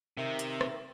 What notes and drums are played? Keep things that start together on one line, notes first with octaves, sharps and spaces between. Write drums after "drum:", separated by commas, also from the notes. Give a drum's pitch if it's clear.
C3 D#3 E5
drum: hi-hat
drum: rim click